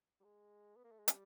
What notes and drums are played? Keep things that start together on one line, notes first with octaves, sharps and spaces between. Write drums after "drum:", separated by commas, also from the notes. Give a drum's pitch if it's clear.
G3
G#3
B3
A#3
A3
G#3
G3, drum: hi-hat